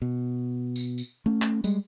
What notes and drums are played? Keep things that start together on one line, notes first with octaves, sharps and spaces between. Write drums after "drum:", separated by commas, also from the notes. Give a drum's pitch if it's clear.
B2
drum: tambourine
drum: tambourine
A3 C#4
drum: clap
G3 G#3, drum: tambourine